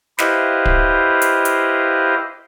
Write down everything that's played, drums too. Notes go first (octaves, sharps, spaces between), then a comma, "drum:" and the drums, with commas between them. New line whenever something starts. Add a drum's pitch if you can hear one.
E4 G4 B4 C5 D#5 F5, drum: snare
drum: kick D1
drum: hi-hat
drum: hi-hat